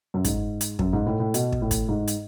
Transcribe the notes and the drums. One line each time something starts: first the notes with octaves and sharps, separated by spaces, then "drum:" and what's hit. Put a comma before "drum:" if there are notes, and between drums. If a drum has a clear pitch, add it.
F#2
G#2, drum: kick, hi-hat
drum: hi-hat
F#2, drum: kick
G#2
A2
A2
B2, drum: hi-hat
drum: kick
A2
drum: kick, hi-hat
G#2
drum: hi-hat